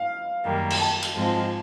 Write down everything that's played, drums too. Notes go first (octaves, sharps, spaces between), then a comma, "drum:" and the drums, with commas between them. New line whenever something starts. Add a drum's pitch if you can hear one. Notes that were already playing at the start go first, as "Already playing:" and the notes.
Already playing: F5
F#2 D#3 G3 A#3
drum: cymbal
A5
drum: cymbal
G#2 F3 G#3 C4